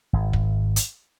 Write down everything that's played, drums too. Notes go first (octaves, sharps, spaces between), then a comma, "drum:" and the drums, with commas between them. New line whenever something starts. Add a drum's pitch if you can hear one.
G#1
drum: kick
drum: hi-hat